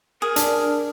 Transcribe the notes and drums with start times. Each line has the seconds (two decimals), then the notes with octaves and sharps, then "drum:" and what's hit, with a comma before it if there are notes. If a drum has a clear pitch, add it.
0.22 G#4 A#4
0.36 D4, drum: hi-hat